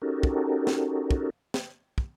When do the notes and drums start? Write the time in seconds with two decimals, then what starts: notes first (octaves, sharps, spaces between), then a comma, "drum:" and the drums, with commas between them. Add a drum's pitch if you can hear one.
0.02 C#4 D#4 F#4 G4 A4 A#4
0.23 drum: kick
0.67 drum: snare
1.11 drum: kick
1.54 drum: snare
1.98 drum: kick